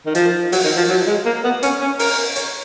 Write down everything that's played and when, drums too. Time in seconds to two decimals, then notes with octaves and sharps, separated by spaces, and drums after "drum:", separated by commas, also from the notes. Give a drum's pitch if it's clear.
0.06 D#3
0.15 F3, drum: hi-hat
0.52 F#3, drum: open hi-hat
0.64 D#3
0.77 F3
0.89 F#3
1.07 G#3
1.25 A#3
1.44 B3
1.63 C#4, drum: hi-hat
1.81 C#4
1.99 A#4, drum: open hi-hat
2.36 C#5, drum: hi-hat